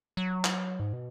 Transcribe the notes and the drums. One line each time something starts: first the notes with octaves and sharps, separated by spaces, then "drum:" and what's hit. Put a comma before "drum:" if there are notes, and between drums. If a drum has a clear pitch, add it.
F#3
drum: clap
G#2
B2